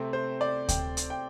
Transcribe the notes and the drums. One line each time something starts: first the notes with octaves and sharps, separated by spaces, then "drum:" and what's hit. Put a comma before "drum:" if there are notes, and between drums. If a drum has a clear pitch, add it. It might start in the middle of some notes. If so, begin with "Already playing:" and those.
Already playing: C3 A3 C4
C5
D5
G5, drum: kick D2, hi-hat
drum: hi-hat
G5